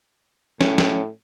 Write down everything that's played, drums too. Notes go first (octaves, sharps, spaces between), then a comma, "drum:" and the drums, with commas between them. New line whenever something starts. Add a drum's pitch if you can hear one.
A2 C#4, drum: snare
drum: snare